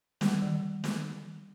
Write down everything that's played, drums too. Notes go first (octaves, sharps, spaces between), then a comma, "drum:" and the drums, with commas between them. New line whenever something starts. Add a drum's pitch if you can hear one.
G3, drum: snare
D#3
drum: snare